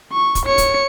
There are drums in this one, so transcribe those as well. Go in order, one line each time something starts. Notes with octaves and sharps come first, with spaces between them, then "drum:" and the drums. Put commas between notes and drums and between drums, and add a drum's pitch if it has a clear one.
C#6
drum: kick, hi-hat
C#5 C#7
drum: kick, hi-hat